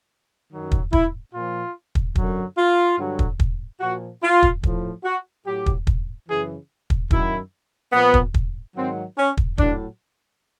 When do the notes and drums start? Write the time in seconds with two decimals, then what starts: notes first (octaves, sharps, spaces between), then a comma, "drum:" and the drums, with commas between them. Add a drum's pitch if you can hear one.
0.51 F#2 D#3 F#3
0.72 drum: kick
0.93 E4, drum: kick
1.34 A#2 F3 F4
1.95 drum: kick
2.16 F#2 D3 F#3, drum: kick
2.57 F4
2.98 G2 D3 F#3
3.19 drum: kick
3.40 drum: kick
3.81 A#2 F3 F#4
4.23 F4
4.43 drum: kick
4.63 A2 F3, drum: kick
5.04 F#4
5.46 A2 F#3 G4
5.66 drum: kick
5.87 drum: kick
6.28 F#2 C#3 E3 G#4
6.90 drum: kick
7.11 F#2 D#3 F#3 E4, drum: kick
7.93 A#2 F3 B3
8.14 drum: kick
8.34 drum: kick
8.75 G#2 D#3 F#3 C4
9.17 C#4
9.37 drum: kick
9.58 A2 F#3 D4, drum: kick